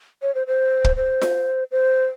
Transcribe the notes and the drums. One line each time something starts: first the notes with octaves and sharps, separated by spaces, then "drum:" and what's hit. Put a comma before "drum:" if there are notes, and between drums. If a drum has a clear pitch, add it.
C#5
C5
C5
drum: kick
C5
drum: snare F4
C5